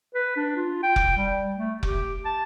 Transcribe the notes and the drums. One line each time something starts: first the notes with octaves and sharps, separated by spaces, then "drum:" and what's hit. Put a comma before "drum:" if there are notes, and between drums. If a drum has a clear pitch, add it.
B4
D4
F4
G5
drum: kick F1
G3
A3
G4, drum: kick F1
A5